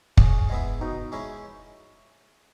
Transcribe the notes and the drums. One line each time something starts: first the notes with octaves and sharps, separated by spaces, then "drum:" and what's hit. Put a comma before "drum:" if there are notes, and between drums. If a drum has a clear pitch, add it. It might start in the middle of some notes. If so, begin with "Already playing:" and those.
C#3 G#4, drum: kick
G#3 B3 E4
B2 D#4
G#3 C#4 E4